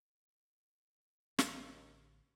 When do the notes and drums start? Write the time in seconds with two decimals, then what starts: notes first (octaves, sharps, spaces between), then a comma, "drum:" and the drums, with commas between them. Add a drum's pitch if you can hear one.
1.39 A1 D#2 D3, drum: snare